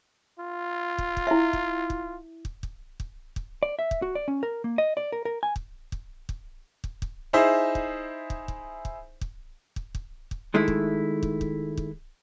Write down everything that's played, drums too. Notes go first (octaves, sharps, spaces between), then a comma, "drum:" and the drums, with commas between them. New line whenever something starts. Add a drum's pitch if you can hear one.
F4
drum: kick
drum: kick
E4 E5
drum: kick
drum: kick
drum: kick
drum: kick
drum: kick
drum: kick
D5
E5
drum: kick
F#4
D5
C#4
A#4
A#3
D#5
D5
A#4
A#4
G#5
drum: kick
drum: kick
drum: kick
drum: kick
drum: kick
D#4 E4 G#4 C5 E5
drum: kick
drum: kick
drum: kick
drum: kick
drum: kick
drum: kick
drum: kick
drum: kick
D#3 G#3 A3 E4
drum: kick
drum: kick
drum: kick
drum: kick